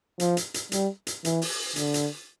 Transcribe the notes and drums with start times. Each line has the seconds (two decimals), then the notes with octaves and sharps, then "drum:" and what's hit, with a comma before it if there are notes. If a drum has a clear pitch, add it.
0.20 F3, drum: hi-hat
0.37 drum: hi-hat
0.54 drum: hi-hat
0.72 G3, drum: hi-hat
1.07 drum: hi-hat
1.25 E3, drum: hi-hat
1.42 drum: open hi-hat
1.76 D3, drum: hi-hat
1.94 drum: hi-hat